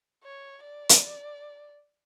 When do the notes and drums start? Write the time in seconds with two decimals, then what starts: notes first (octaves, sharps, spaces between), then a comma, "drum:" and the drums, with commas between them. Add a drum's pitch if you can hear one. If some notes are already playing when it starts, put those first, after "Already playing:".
0.24 C#5
0.64 D5
0.89 drum: hi-hat